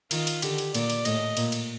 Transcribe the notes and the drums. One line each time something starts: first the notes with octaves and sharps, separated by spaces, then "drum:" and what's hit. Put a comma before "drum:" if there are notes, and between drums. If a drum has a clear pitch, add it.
D#3 F4, drum: cymbal
drum: cymbal
D3 G4, drum: cymbal
drum: cymbal
A#2 D5, drum: cymbal
drum: cymbal
A2 D#5, drum: cymbal
A#2, drum: cymbal
drum: cymbal